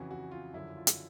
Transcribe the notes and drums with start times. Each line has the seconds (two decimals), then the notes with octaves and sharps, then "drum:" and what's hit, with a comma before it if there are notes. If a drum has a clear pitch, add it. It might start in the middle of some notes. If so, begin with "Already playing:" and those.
Already playing: F2 C#3 E3 F#4
0.11 F#4
0.31 F4
0.54 F#2 D3 F3 E4
0.77 F4
0.87 drum: hi-hat